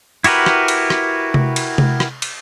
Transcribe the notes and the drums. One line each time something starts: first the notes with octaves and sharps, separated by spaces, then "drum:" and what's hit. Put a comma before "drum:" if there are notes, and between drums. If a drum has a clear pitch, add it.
E4 F#4 G4 A#4 B4, drum: cymbal
drum: rim click
drum: cymbal
drum: rim click
drum: tom C3
drum: cymbal
drum: tom C3
drum: rim click
drum: cymbal